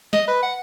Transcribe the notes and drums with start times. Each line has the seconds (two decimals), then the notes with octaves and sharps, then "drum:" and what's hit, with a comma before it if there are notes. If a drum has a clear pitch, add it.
0.13 D#5, drum: snare
0.28 B4
0.42 F#5